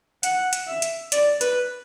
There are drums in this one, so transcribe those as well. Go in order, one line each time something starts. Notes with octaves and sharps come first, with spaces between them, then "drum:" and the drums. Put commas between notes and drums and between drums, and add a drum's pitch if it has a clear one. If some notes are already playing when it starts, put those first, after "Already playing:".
F#5, drum: hi-hat
drum: hi-hat
E5
drum: hi-hat
D5, drum: hi-hat
B4, drum: hi-hat